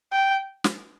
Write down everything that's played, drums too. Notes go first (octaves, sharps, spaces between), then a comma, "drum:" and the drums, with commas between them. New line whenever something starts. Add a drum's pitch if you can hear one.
G5
drum: snare